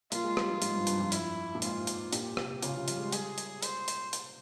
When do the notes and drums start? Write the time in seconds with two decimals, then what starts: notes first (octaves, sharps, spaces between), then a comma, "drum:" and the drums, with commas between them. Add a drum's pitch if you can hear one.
0.12 A#3 F4, drum: hi-hat
0.24 G#3
0.37 G3, drum: rim click
0.49 F3
0.62 G#2, drum: hi-hat
0.74 G2
0.87 G2, drum: hi-hat
1.00 F2
1.12 E4, drum: hi-hat
1.55 A#2
1.62 G#2 F4, drum: hi-hat
1.87 drum: hi-hat
2.13 A#2 G4, drum: hi-hat
2.37 C3, drum: rim click
2.62 C#3 F4, drum: hi-hat
2.75 F3
2.88 G3, drum: hi-hat
3.00 G#3
3.12 G3 G#4, drum: hi-hat
3.38 drum: hi-hat
3.62 C5, drum: hi-hat
3.88 drum: hi-hat
4.13 drum: hi-hat